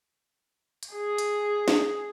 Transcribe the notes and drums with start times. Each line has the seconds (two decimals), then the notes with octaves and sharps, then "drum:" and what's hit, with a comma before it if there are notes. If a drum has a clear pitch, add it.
0.83 drum: hi-hat
0.93 G#4
1.18 drum: hi-hat
1.68 drum: snare